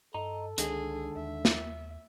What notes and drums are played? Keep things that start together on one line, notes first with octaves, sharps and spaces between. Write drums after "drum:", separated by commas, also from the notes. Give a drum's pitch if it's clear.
G2 A4 D#5 A#5
C#2 D3 D#3 G#3 G#4, drum: hi-hat
D#2 E5
drum: snare